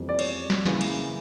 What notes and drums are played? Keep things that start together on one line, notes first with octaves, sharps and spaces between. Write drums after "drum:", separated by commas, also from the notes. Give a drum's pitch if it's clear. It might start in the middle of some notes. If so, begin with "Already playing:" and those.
Already playing: F2 E3 G3 A#3
D5
C#5, drum: cymbal
drum: snare
C#3 E3 A#3, drum: snare
drum: cymbal